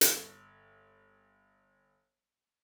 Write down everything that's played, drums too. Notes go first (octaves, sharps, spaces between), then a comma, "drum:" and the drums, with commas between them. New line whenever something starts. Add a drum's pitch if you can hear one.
G1 C#5 E6, drum: hi-hat